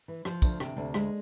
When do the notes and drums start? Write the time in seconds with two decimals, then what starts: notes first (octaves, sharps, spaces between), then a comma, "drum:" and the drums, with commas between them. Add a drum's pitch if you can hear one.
0.08 E3
0.25 F3, drum: rim click
0.42 D2, drum: kick, tambourine
0.60 C3, drum: rim click
0.77 D2
0.94 G#3, drum: rim click